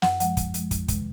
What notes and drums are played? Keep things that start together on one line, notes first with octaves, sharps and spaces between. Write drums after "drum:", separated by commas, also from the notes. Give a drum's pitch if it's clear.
F#2 F#5, drum: snare
F3 G#3 F#5, drum: hi-hat
F#2, drum: kick, hi-hat
F3 G#3, drum: hi-hat
F2, drum: kick, hi-hat
C3 D#3 G#3, drum: kick, hi-hat